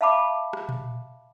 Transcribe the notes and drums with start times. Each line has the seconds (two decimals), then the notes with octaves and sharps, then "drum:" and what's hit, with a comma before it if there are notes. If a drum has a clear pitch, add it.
0.01 E5 F5 A5 B5 D6
0.53 drum: rim click
0.69 drum: tom A#2